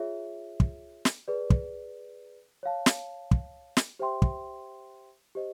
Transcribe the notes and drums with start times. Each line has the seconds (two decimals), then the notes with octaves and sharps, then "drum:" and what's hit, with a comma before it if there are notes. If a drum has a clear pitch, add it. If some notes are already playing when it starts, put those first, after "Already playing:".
Already playing: F4 G#4 C#5 E5
0.60 drum: kick
1.05 drum: snare
1.28 G#4 B4 D5
1.50 drum: kick
2.63 C#5 F5 A5
2.86 drum: snare
3.31 drum: kick
3.77 drum: snare
3.99 G4 C5 E5 G5 C6
4.22 drum: kick
5.35 G4 C5 D#5